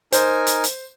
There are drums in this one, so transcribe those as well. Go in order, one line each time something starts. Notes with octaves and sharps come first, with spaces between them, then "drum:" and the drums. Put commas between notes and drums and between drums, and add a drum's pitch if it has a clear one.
D#4 A#4 C5 G#5, drum: hi-hat
drum: hi-hat
drum: hi-hat